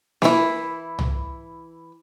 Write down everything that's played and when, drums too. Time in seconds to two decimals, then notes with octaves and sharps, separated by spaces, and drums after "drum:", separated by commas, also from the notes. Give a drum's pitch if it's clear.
0.22 E3 E4, drum: snare A#3
0.99 drum: tom C2